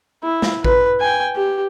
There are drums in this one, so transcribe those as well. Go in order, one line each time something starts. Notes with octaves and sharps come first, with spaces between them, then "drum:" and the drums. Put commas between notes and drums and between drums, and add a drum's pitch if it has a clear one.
E4
drum: snare
B4, drum: kick A1
G5 G#5
G4